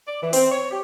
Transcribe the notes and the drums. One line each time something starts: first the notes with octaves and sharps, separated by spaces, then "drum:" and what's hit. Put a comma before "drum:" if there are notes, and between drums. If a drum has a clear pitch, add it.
D5
E3
C4, drum: open hi-hat
C#5
G4